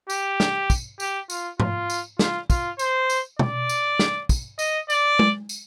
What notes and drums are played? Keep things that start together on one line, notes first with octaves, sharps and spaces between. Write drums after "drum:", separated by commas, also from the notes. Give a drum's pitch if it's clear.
G4, drum: tambourine
drum: snare
drum: kick, tambourine
G4, drum: tambourine
F4, drum: tambourine
F4, drum: tom G#2
drum: tambourine
F4, drum: snare
F4, drum: kick, tambourine
C5, drum: tambourine
drum: tambourine
D5, drum: tom B2
drum: tambourine
drum: snare
drum: kick, tambourine
D#5, drum: tambourine
D5, drum: tambourine
drum: tom G#3
drum: tambourine